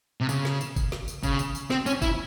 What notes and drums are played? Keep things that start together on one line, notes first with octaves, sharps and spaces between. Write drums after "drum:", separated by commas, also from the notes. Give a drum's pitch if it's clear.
C3
C#3, drum: tambourine
drum: snare
drum: tambourine
drum: kick G1, tambourine
drum: snare
drum: tambourine
C#3, drum: kick G1, tambourine
drum: tambourine
drum: tambourine
C4, drum: snare
C#4, drum: tambourine
E4, drum: kick G1, tambourine